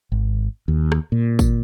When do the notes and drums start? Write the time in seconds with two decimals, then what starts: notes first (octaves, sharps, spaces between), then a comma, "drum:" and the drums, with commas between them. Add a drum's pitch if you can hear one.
0.12 G#1
0.68 D#2
0.92 drum: rim click
1.12 A#2
1.39 drum: kick, tambourine